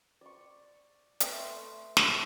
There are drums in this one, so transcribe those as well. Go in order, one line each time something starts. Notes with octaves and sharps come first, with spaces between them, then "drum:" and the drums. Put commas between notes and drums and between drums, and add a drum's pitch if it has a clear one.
D5 C#6
A3 B4 C6, drum: hi-hat
drum: snare